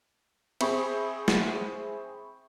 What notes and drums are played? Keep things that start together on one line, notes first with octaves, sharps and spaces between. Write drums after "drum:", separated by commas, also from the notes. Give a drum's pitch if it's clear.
C4 G#4 E5 B5 C#6, drum: cymbal
drum: snare